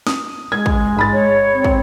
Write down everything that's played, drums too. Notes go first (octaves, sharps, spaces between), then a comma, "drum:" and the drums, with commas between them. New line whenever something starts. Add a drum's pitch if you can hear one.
D#6, drum: snare C4
G#3 G#6
drum: kick
G#2 B5 A6
C#5
C4
drum: kick